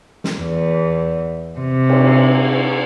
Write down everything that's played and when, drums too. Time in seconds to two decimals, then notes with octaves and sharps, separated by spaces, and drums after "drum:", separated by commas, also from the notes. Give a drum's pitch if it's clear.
0.24 drum: snare
0.39 E2
1.59 C3
1.89 drum: cymbal